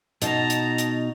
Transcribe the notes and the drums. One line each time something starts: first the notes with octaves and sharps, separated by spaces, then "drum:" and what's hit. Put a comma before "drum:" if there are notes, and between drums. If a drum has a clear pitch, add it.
B2 D#4 A5 A#5, drum: hi-hat
drum: hi-hat
drum: hi-hat